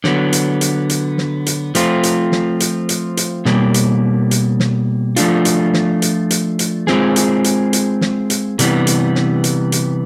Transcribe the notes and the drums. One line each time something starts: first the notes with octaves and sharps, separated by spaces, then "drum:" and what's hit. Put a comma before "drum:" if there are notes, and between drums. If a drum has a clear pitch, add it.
D3 F#3 B3, drum: snare
drum: hi-hat
drum: hi-hat
drum: hi-hat
drum: snare
drum: hi-hat
F3 A3 C4 F4, drum: hi-hat
drum: hi-hat
drum: snare
drum: hi-hat
drum: hi-hat
drum: hi-hat
B2 G3 A#3, drum: snare
drum: hi-hat
drum: hi-hat
drum: snare
F3 A3 D4 F4, drum: hi-hat
drum: hi-hat
drum: snare
drum: hi-hat
drum: hi-hat
drum: hi-hat
G#3 C4 F4 G#4, drum: snare
drum: hi-hat
drum: hi-hat
drum: hi-hat
drum: snare
drum: hi-hat
C3 E3 G3 B3, drum: hi-hat
drum: hi-hat
drum: snare
drum: hi-hat
drum: hi-hat